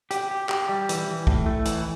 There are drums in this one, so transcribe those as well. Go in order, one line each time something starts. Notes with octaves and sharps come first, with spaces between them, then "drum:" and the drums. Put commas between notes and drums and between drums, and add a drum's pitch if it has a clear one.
G4, drum: hi-hat
G4
G4, drum: clap
G3
E3, drum: hi-hat
E3
A2, drum: kick
A3
E3, drum: hi-hat